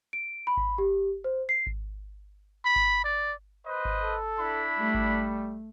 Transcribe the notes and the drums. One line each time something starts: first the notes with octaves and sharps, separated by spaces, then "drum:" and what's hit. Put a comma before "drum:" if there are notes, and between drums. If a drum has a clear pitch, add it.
D7
B5
drum: kick G#1
G4
C5
C7
drum: kick G#1
B5
drum: kick G#1
D5
B4 C5 D#5
drum: kick G#1
A4
D4 E4 B5
G3 A3
drum: kick G#1